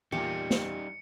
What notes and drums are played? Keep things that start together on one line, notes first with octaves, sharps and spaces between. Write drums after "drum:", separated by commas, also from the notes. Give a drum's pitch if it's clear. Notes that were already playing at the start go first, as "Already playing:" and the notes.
E2 A#2 G3 D#4 G4 C#7
drum: snare